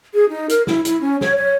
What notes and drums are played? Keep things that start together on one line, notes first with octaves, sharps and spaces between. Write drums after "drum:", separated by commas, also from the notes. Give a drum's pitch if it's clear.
G#4
D#4
A#4, drum: hi-hat
E4, drum: snare
E4, drum: hi-hat
C#4
C#5, drum: snare
C#5